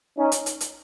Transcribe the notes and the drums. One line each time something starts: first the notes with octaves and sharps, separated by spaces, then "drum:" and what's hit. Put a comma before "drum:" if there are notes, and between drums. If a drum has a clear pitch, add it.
C#4 D#4
drum: hi-hat
drum: hi-hat
drum: hi-hat